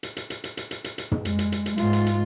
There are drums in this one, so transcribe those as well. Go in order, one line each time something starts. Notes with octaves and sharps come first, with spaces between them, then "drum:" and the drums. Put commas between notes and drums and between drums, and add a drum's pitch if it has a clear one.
drum: hi-hat
drum: hi-hat
drum: hi-hat
drum: hi-hat
drum: hi-hat
drum: hi-hat
drum: hi-hat
drum: hi-hat
drum: tom
G#3, drum: hi-hat
drum: hi-hat
drum: hi-hat
drum: hi-hat
G#2 F4, drum: hi-hat
drum: hi-hat
drum: hi-hat